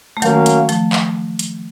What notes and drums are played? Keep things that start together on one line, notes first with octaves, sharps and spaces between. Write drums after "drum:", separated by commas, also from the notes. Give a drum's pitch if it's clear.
A3
D#3 F#3 A#3 C#4 F#4 A#4 F5, drum: hi-hat
drum: hi-hat
F3 A3, drum: hi-hat
drum: clap
drum: hi-hat